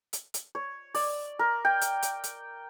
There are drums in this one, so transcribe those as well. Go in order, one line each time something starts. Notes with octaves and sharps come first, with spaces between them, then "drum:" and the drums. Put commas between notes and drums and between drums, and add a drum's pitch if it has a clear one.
drum: hi-hat
drum: hi-hat
C#5
D5, drum: open hi-hat
A#4
G5
drum: hi-hat
drum: hi-hat
drum: hi-hat